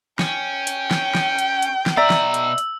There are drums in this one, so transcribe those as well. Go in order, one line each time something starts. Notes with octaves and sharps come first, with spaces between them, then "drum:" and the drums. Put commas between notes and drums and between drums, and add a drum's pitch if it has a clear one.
C#4 G5, drum: snare
drum: hi-hat
drum: snare
drum: snare
drum: hi-hat
drum: hi-hat
drum: snare
B2 D5 E5 A#5 E6
drum: snare
drum: hi-hat
drum: hi-hat